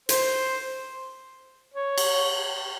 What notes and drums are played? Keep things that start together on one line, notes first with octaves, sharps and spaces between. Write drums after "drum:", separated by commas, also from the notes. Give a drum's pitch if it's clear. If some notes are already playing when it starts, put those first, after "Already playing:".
C5, drum: hi-hat
C#5
drum: cymbal